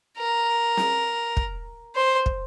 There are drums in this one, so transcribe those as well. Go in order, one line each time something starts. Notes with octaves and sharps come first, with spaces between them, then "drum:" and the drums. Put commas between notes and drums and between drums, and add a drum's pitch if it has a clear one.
A#4
drum: snare
drum: kick
C5
drum: kick